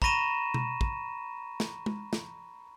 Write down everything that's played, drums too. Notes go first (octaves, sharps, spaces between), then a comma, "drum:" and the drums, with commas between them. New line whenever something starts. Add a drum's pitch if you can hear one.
A#5 B5 C#6 A#6 D#7 E7, drum: kick
drum: tom B2
drum: kick
drum: snare
drum: tom
drum: snare